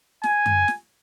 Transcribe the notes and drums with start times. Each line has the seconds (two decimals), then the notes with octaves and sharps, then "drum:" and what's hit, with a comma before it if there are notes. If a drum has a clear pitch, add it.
0.23 G#5, drum: snare
0.46 drum: tom F#2
0.68 drum: snare